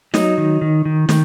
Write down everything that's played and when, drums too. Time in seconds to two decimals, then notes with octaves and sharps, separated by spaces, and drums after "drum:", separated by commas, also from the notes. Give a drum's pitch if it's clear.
0.14 F#3 D#4, drum: snare
0.38 D#3
0.61 D#3
0.85 D#3
1.09 D#3, drum: snare